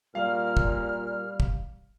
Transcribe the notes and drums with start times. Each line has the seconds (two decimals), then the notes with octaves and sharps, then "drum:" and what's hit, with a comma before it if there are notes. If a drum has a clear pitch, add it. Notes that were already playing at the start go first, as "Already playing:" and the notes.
0.15 A#2 G3 F5 F6
0.57 drum: kick
1.40 drum: kick